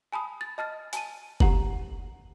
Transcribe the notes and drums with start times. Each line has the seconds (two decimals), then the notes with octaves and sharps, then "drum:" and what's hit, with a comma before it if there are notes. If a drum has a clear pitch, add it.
0.12 G#5 A5 B5 D#6
0.41 A6
0.58 D#5 A5 F6 A6
0.93 G#5 A5 D#7, drum: hi-hat
1.40 G4 F#5 A#5 F#7, drum: kick F1